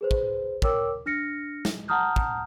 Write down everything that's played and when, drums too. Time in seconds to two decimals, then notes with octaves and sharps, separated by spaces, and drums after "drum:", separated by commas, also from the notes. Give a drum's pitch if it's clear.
0.01 G#4 B4 C5
0.11 drum: kick
0.62 A#4 C#5 G5 D6 E6, drum: kick
1.06 D4 F6 A#6 C#7
1.65 drum: snare
1.88 F#5 A5 A#5 D#6 F6 G6
2.16 drum: kick